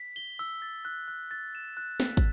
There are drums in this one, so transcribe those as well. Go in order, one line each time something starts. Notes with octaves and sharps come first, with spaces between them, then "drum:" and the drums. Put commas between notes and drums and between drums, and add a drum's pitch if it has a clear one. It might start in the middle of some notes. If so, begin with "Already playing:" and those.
Already playing: B6
G7
E6
A6
F#6
F#6
A6
E7
F#6
B6, drum: snare
drum: kick, hi-hat